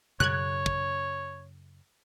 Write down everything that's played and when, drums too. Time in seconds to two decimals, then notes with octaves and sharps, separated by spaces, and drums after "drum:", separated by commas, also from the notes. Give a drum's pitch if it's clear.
0.20 F#2 C#3 C#5 F#6 G#6, drum: tom B2
0.66 drum: kick